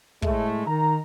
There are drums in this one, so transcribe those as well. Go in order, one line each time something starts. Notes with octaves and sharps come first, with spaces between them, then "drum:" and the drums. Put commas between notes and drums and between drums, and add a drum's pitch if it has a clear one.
A2 G#3 A3, drum: kick
D#3 A#5